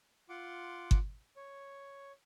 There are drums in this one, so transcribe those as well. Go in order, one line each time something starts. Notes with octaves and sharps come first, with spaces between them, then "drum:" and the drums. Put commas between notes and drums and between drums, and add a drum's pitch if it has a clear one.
F4 F#5 C6 D6
drum: kick G1
C#5